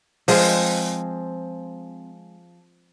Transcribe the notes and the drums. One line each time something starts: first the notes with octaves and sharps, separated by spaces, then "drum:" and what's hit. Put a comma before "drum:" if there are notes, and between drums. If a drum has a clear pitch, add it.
F3 G#3 C4, drum: open hi-hat